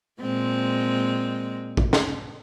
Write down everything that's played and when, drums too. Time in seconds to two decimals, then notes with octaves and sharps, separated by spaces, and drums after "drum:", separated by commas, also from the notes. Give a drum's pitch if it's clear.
0.21 A#2 G#3 C4
1.77 drum: kick
1.93 drum: snare